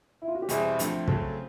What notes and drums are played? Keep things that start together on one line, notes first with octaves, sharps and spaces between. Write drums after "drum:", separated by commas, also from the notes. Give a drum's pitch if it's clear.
E4
F4
F#4
G4
E2 B2 G3 C4 E4 G#4, drum: hi-hat
D2 D3 F3 A3 C4, drum: hi-hat
C#3 F#3 A3 C4 A4, drum: kick